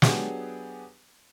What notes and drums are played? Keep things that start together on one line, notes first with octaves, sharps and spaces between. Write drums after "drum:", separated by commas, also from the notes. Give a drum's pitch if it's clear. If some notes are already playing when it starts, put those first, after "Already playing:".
F#3 B3 D4 G4 G#4, drum: snare